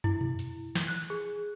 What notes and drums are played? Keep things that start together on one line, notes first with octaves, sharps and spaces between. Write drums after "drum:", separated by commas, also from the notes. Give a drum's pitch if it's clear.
E4, drum: tom
drum: tom B2
drum: hi-hat
drum: snare
F#6
G#4